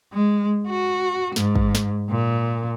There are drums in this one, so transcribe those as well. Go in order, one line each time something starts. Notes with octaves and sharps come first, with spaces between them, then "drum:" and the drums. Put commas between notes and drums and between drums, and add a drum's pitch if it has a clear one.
G#3
F#4
G#2, drum: snare
drum: kick
drum: snare
A#2